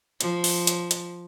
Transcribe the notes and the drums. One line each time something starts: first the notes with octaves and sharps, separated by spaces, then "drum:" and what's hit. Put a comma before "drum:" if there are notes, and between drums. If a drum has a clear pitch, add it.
F3, drum: hi-hat
drum: open hi-hat
drum: hi-hat
drum: hi-hat